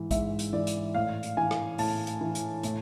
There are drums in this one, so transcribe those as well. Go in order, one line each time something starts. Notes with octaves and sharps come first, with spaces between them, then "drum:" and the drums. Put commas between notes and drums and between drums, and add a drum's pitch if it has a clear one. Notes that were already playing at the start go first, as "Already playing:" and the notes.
Already playing: G#2 E3
G#2 E5, drum: kick, hi-hat
drum: hi-hat
E3 D5
drum: hi-hat
A2 F5
drum: hi-hat
E3 G#5
drum: rim click
A2 A5, drum: open hi-hat
drum: hi-hat
E3
drum: hi-hat
A2, drum: hi-hat